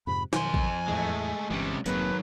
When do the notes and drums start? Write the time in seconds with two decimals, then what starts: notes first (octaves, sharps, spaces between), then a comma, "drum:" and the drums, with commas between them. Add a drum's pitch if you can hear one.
0.07 F2 G#2 C3 B5
0.33 F2 B2 D#3 F#3 G#5 C6, drum: snare
0.54 drum: kick
0.88 E2 A2 E3 G#3 A3
1.50 G1 C3 E3 G3 G#3 C#4
1.86 F1 G#2 D#3 F#3 A#3 C4 B4, drum: tambourine